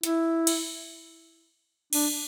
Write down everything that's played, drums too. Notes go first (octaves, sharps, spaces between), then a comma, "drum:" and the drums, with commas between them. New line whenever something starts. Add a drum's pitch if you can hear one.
E4, drum: hi-hat
drum: cymbal
D4, drum: cymbal